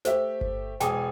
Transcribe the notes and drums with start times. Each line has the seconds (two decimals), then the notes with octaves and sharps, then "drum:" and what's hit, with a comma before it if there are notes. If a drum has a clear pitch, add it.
0.05 A3 G4 C5 E5, drum: snare
0.41 drum: kick G1
0.80 E1 G#4 G5 G#5 D6 D#6, drum: snare